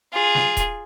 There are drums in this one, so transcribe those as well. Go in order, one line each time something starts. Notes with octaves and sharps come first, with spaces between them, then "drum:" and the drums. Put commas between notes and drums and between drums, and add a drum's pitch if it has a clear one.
F4 G#4
drum: snare
drum: kick D#1, hi-hat